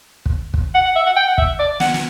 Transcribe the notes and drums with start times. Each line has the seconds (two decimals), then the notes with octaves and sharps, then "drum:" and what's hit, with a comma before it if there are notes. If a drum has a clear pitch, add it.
0.26 drum: kick
0.54 drum: kick
0.75 F#5
0.85 F#5
0.96 E5
1.06 F#5
1.16 G5
1.27 F#5
1.38 E5, drum: kick
1.59 D5
1.80 F#5, drum: snare
1.94 drum: snare